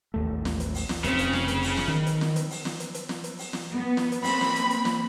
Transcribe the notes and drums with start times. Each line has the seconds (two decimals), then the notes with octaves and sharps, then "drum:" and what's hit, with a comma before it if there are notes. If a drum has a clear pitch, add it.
0.14 A1 D#2 A3
0.45 drum: snare
0.60 drum: hi-hat
0.75 drum: open hi-hat
0.89 drum: snare
1.04 F1 G#2 C#3 C4, drum: hi-hat
1.19 drum: hi-hat
1.33 drum: snare
1.48 drum: hi-hat
1.63 drum: open hi-hat
1.77 drum: snare
1.88 D#3
2.06 drum: hi-hat
2.21 drum: snare
2.36 drum: hi-hat
2.50 drum: open hi-hat
2.65 drum: snare
2.80 drum: hi-hat
2.94 drum: hi-hat
3.09 drum: snare
3.24 drum: hi-hat
3.38 drum: open hi-hat
3.53 drum: snare
3.75 B3
3.97 drum: snare
4.12 drum: hi-hat
4.24 A#3 C4 B5, drum: open hi-hat
4.41 drum: snare
4.56 drum: hi-hat
4.70 drum: hi-hat
4.85 drum: snare